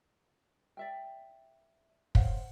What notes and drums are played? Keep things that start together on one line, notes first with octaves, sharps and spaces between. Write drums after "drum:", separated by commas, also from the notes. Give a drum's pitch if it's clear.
D5 E5 G5
C5 C#5 F5 F#5, drum: kick